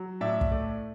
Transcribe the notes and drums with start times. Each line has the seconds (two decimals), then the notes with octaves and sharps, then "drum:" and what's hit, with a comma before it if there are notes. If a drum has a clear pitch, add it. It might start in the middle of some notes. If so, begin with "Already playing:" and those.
Already playing: F#3
0.21 A2 D5 E5
0.41 drum: kick
0.51 A3 D5